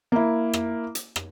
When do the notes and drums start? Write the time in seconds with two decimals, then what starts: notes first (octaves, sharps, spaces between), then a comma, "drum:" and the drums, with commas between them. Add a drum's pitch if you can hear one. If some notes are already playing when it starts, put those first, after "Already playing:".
0.12 A#3 E4
0.53 drum: rim click
0.95 drum: hi-hat
1.16 drum: rim click